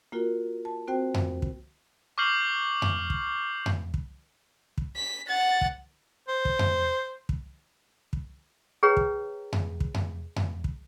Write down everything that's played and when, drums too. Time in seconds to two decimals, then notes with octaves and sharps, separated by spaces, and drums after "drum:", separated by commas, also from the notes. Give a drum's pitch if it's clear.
0.12 A#3 F4 F#4 A#4
0.65 A5
0.88 C4 F#4 C5 G5
1.14 drum: tom F2
1.42 drum: kick
2.18 C#6 D6 F6 G6 C7 F#7
2.82 drum: tom F2
3.10 drum: kick
3.66 drum: tom F2
3.94 drum: kick
4.78 drum: kick
4.97 B6
5.29 F#5 A6
5.61 drum: kick
6.28 C5
6.45 drum: kick
6.59 drum: tom F2
7.29 drum: kick
8.13 drum: kick
8.83 G#4 B4 C#5 G5 A#5
8.97 drum: kick
9.53 drum: tom F2
9.80 drum: kick
9.94 drum: tom F2
10.36 drum: tom F2
10.64 drum: kick